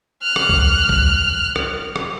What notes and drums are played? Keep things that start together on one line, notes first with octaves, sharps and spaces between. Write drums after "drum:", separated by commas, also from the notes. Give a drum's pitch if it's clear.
F6 F#6
drum: rim click
drum: kick C#2
drum: kick C#2
drum: rim click
drum: rim click